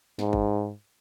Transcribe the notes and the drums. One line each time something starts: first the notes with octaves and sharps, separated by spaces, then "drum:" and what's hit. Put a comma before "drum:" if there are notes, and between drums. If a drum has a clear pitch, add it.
G#2, drum: snare
drum: kick G#1